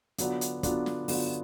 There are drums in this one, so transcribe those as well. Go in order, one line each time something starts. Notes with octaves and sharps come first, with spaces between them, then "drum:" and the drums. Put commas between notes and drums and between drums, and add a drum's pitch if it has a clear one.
D3 F#3 B3 D4 F4, drum: hi-hat
drum: hi-hat
D3 F#3 B3 D4 F4, drum: kick, hi-hat
drum: snare
D3 F#3 B3 D4 F4, drum: open hi-hat